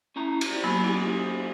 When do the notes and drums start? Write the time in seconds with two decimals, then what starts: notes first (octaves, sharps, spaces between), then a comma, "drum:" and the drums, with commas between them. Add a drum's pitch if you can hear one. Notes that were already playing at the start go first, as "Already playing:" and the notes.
0.16 C#4 E4 A#5
0.41 drum: cymbal
0.51 G3
0.64 F#3 A#3 B3 B5
0.84 F#2 E4 G4 G#4